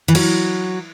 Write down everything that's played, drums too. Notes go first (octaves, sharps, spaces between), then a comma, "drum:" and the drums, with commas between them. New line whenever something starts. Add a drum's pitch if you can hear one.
E3
F#3, drum: cymbal